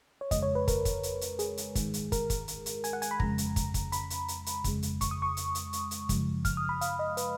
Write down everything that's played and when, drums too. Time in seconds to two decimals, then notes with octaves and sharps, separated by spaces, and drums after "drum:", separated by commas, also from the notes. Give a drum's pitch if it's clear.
0.21 C#5
0.31 F2 C#3 G#3 D#5, drum: kick, hi-hat
0.43 C#5
0.55 B4
0.68 A#4, drum: kick, hi-hat
0.85 drum: kick, hi-hat
1.03 drum: hi-hat
1.21 drum: hi-hat
1.39 G#4, drum: hi-hat
1.57 drum: hi-hat
1.75 G#2 D#3 G#3, drum: kick, hi-hat
1.94 drum: hi-hat
2.12 A#4, drum: kick, hi-hat
2.30 drum: kick, hi-hat
2.48 drum: hi-hat
2.66 drum: hi-hat
2.84 G#5, drum: hi-hat
2.93 F#5
3.02 G#5, drum: hi-hat
3.11 B5
3.20 F2 C#3 G#3 A#5, drum: kick
3.38 drum: hi-hat
3.56 drum: kick, hi-hat
3.74 drum: kick, hi-hat
3.92 B5, drum: hi-hat
4.10 drum: hi-hat
4.28 drum: hi-hat
4.46 drum: hi-hat
4.64 F2 C#3 G#3, drum: kick, hi-hat
4.83 drum: hi-hat
5.01 C#6, drum: kick, hi-hat
5.11 D#6
5.22 C#6
5.37 drum: hi-hat
5.55 drum: hi-hat
5.73 drum: hi-hat
5.91 drum: hi-hat
6.09 F#2 C#3 F3 G#3, drum: kick, hi-hat
6.45 F6, drum: kick, hi-hat
6.57 D#6
6.69 B5
6.81 F5, drum: hi-hat
6.99 D#5
7.17 B4, drum: hi-hat